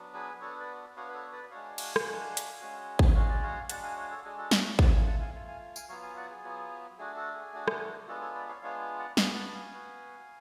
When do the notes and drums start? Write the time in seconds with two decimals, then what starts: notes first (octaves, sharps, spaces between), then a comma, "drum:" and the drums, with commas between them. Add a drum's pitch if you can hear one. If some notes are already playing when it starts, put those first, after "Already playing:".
Already playing: F#3 B3 D4
0.14 G#4 B4
0.41 B3 D4 F#4 A4 C#5
0.60 B4 D5
0.96 B3 D4 F#4 C#5 F5
1.09 B4
1.14 A4 C#5
1.32 B4 D5
1.51 G#3 D4 F#4 C#5 F5
1.78 F5 G#5, drum: cymbal
1.96 drum: rim click
2.05 G#3 D4 F#4
2.37 drum: hi-hat
2.61 G#3 C#4 F#4
2.99 drum: kick
3.15 G#3 C#4 F#4 F5
3.29 D5
3.43 C#5 F5
3.70 G#3 D4 F#4 F#5 A5, drum: hi-hat
3.83 F5 G#5
3.97 C#5 F5
4.10 A4 C#5
4.25 G#3 D4 F#4 G#4
4.38 F#4 A4
4.51 G#4 B4, drum: snare
4.65 C#5 F5
4.79 A3 F4 D5 F#5, drum: kick
4.93 F5 G#5
5.06 F#5 A5
5.20 F5 G#5
5.34 A3 F4
5.47 F5 G#5
5.76 F5 G#5, drum: tambourine
5.89 F#3 B3 F4 C#5 F5
6.03 F5 G#5
6.17 D5 F#5
6.30 G#4
6.44 F#3 B3 F4
6.99 A3 D4 F#4 G#4
7.16 F#4 A4
7.34 G#4
7.53 A3 D4 F#4
7.68 drum: rim click
8.07 G#3 B3 D4 F4 F#4 A4
8.21 A4 C#5
8.35 B4 D5
8.48 C#5 F5
8.62 G#3 B3 D4 F4 C#5 F5
8.99 D5 F#5
9.17 B3 F#4 F5 G#5, drum: snare
9.35 F#5 A5
9.48 A5
9.53 F5 G#5
9.72 B3 F#4